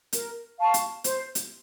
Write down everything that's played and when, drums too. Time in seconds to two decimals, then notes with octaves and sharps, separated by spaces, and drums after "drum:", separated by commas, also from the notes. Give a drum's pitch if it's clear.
0.13 A#4, drum: hi-hat
0.59 F5 A5 C#6
0.74 drum: hi-hat
1.04 C5, drum: hi-hat
1.35 drum: hi-hat